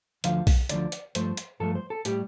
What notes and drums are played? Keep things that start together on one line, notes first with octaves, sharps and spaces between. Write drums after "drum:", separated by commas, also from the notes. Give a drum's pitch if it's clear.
D2 D3 F3 F5, drum: hi-hat
drum: kick B1, open hi-hat
D2 D3 F3 D5, drum: hi-hat
drum: hi-hat
G2 F3 A3 C5, drum: hi-hat
drum: hi-hat
G2 F3 A3 A4
C5
A4
A2 G3 G4, drum: hi-hat